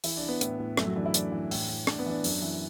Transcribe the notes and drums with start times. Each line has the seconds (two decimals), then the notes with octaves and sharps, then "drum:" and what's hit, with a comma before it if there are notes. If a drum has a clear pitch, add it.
0.04 E3 E4, drum: open hi-hat
0.17 D4
0.22 E3
0.29 B3
0.41 A2, drum: hi-hat
0.59 A2
0.77 F#2 A3, drum: rim click
0.87 F#3
0.96 E3 D4
1.05 E4
1.14 E3 D4, drum: hi-hat
1.32 E3
1.51 A2, drum: open hi-hat
1.69 A2
1.87 A2 D4, drum: rim click
1.99 B3
2.06 E3 D4
2.24 F#2, drum: open hi-hat
2.42 E3